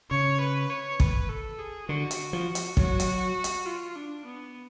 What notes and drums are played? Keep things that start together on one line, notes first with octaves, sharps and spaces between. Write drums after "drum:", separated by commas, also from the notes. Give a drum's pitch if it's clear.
C#3 C#5
B4
C#5
B4, drum: kick
A4
G#4
D3 F#4
drum: hi-hat
F3
drum: hi-hat
F#3 F#4, drum: kick
drum: hi-hat
drum: hi-hat
F4
D4
B3